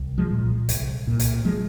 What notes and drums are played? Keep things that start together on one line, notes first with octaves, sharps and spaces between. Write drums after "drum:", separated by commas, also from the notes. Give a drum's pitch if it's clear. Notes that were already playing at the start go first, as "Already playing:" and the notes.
Already playing: C2
F3 G#3
A#2
C2, drum: hi-hat
A#2
drum: hi-hat
F3 G#3